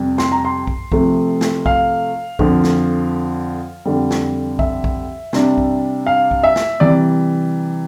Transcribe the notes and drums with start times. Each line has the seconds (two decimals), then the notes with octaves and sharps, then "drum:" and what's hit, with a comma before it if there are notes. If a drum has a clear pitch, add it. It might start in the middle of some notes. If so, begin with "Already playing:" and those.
Already playing: F2 C3 G3
0.18 C6, drum: snare
0.32 A#5
0.45 C6
0.67 drum: kick B1
0.92 C3 F3 A3, drum: kick B1
1.41 drum: snare
1.66 F5, drum: kick B1
2.39 F2 D3 F3, drum: kick B1
2.64 drum: snare
3.86 F2 D3 G3
4.11 drum: snare
4.59 E5, drum: kick B1
4.84 drum: kick B1
5.33 C3 G3 D4, drum: snare
5.58 drum: kick B1
6.07 F5
6.31 drum: kick B1
6.43 E5
6.56 drum: snare
6.80 C3 E3 G3 D5